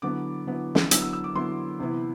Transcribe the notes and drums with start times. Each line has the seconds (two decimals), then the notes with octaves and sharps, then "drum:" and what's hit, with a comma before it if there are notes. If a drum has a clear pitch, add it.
0.02 D3 F#3 B3 E4 D6
0.47 D3 F#3 B3 E4
0.75 drum: snare
0.91 D3 F#3 B3 E4 E6, drum: hi-hat
1.02 E6
1.13 E6
1.24 D6
1.35 D3 F#3 B3 E4 C6
1.79 C3 E3 B3 E4